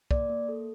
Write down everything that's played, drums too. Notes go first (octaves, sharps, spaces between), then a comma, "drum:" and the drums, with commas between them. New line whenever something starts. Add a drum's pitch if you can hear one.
A#3 D5, drum: kick
A#3
A4